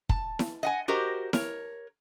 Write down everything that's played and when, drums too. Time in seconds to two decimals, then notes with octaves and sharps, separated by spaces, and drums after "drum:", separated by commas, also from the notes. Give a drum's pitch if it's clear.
0.09 A5, drum: kick
0.39 drum: snare E4
0.63 D#5 F#5 G#5
0.88 F#4 G4 A#4 C5 D#5
1.33 A#4 C#5, drum: snare E4